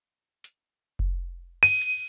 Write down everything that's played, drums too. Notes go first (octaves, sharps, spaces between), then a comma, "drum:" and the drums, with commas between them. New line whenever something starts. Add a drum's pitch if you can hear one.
drum: hi-hat
drum: kick F1
D#7, drum: cymbal
drum: hi-hat